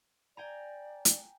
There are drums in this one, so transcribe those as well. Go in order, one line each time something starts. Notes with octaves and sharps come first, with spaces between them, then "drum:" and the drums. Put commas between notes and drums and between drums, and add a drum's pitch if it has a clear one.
D5 G5 G#5 A#5
drum: hi-hat